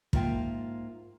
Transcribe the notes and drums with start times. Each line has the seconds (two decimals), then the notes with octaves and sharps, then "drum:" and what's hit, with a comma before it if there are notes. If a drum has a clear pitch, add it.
0.13 G#2 A#3 F4 E5 G5 A5, drum: kick